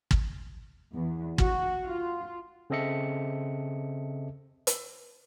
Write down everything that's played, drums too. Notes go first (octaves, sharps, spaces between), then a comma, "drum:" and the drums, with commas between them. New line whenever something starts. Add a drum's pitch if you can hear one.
drum: kick
E2
F#4, drum: kick
F4
C#3 C4 A4 D#5 E5 C#7
drum: hi-hat